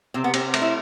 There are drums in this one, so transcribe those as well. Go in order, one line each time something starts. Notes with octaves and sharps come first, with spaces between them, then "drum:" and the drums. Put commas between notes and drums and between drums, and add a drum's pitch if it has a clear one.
C3 C4
B3
C3 C4, drum: cymbal
A3, drum: cymbal
E4